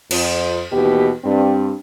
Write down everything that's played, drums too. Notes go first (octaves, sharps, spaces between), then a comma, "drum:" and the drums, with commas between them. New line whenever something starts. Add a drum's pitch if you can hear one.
F2 C5, drum: cymbal
D#2 B2 E3 G4
G2 C4